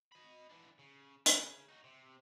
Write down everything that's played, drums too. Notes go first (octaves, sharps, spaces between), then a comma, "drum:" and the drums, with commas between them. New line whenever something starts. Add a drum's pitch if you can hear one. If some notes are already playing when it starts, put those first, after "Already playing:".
D#5 B5
E3 D4
C#3
C#3 C#4, drum: hi-hat
D#4 F#4
C3